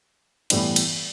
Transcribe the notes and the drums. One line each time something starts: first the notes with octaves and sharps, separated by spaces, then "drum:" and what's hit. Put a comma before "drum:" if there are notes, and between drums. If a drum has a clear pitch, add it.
A2 E3 G3 B3 D4, drum: cymbal
drum: cymbal